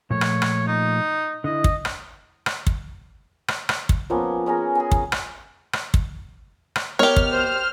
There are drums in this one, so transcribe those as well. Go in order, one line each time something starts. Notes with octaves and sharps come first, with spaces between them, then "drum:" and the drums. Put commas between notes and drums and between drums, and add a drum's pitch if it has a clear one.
A#2 F3 A3 C#5
drum: rim click
drum: rim click
D#4
D3 E4 D#5
drum: kick
drum: rim click
drum: rim click
drum: kick
drum: rim click
drum: rim click
drum: kick
F3 A#3 B3 C#4
B3 C#4 G#4 A#4
G#4 G#5
drum: kick
drum: rim click
drum: rim click
drum: kick
drum: rim click
B3 G4 A#4 C#5 D#5 F6
drum: kick
C5